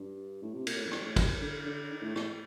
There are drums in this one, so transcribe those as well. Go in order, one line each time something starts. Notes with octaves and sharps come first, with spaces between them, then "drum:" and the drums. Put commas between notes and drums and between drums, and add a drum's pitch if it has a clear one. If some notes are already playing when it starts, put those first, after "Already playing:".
Already playing: G2
A2
C3
A#2, drum: cymbal
A2
F2
G2, drum: rim click
A2
G2, drum: kick, cymbal
G2
D3
D3
D#3
A2
A2, drum: rim click